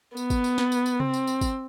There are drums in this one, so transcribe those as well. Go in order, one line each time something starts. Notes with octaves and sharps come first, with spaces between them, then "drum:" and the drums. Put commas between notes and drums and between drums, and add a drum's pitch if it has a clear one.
B3, drum: tambourine
drum: kick, tambourine
drum: tambourine
drum: snare
drum: tambourine
drum: tambourine
C4, drum: tom C3
drum: tambourine
drum: tambourine
drum: kick, tambourine